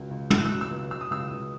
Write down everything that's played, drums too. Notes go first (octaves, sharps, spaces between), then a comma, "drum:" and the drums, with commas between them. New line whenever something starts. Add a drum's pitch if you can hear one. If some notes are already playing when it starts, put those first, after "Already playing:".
Already playing: C#2 F#3
C#2
B2 E6, drum: tom
F#6
E6
F#3
E6
C#2
F#3 E6
D#6
C#2 E6
C#2